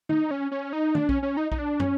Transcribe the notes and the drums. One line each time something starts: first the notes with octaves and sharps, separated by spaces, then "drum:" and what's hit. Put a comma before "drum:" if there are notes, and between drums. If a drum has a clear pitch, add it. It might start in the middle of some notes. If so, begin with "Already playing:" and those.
D#4, drum: tom
C#4
C#4
D#4
D4, drum: tom
C#4, drum: kick B1
C#4
D#4
D#4, drum: kick B1
D4
C#4, drum: tom